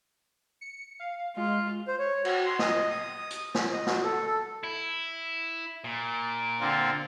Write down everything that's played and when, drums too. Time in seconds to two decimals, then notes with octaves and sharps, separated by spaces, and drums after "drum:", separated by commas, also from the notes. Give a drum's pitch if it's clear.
0.61 C#7
1.00 F5
1.37 G#3 F4
1.88 C5
1.99 C#5
2.25 F#4, drum: cymbal
2.46 C6
2.59 D#5, drum: snare
2.90 D#6
3.30 drum: hi-hat
3.55 drum: snare
3.73 D#5
3.87 F#4, drum: snare
4.04 A4
4.27 A4
4.64 E4
5.84 A#2
6.61 D3 C4 F4